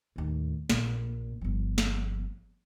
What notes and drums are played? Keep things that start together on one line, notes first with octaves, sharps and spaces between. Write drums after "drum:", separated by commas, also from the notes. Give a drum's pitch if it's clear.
D#2 A2
A#1 A#2, drum: snare
G1 F3
drum: snare